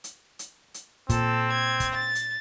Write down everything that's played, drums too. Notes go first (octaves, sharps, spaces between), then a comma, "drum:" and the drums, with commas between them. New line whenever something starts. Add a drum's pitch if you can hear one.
drum: hi-hat
drum: hi-hat
drum: hi-hat
A#2 C4 A4, drum: kick, hi-hat
G#6
drum: kick, hi-hat
A6
drum: hi-hat